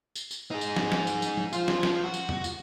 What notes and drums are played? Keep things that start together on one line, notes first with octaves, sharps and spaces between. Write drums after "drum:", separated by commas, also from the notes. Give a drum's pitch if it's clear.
drum: tambourine
drum: tambourine
D#4 G#4
drum: tambourine
drum: snare
drum: snare
drum: tambourine
drum: tambourine
drum: tom F3
F3 F4, drum: tambourine
drum: snare
drum: snare
F#4
drum: tambourine
drum: tom E2
drum: tambourine